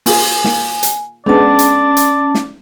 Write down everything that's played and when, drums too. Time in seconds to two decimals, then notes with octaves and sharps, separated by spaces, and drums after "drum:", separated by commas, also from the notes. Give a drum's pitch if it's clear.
0.06 A#3 F4 G#4 G#5, drum: open hi-hat
0.45 A#3, drum: snare
0.83 drum: hi-hat
1.26 G#3 B3 C#4 D4 D5 A5
1.59 drum: hi-hat
1.97 drum: hi-hat
2.35 drum: snare